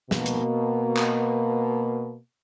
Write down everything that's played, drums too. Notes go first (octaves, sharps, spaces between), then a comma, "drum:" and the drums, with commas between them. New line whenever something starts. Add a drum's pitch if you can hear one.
B2 A#3, drum: snare
drum: hi-hat
drum: clap